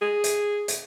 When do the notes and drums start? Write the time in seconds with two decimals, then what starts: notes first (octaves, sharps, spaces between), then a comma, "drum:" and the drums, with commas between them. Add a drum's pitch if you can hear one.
0.02 G#4
0.24 drum: hi-hat
0.68 drum: hi-hat